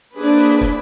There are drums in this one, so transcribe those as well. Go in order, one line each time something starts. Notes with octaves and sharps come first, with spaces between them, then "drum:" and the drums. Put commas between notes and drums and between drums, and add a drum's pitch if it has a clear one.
A#3 C4 D4 E4 G#4 B4
drum: kick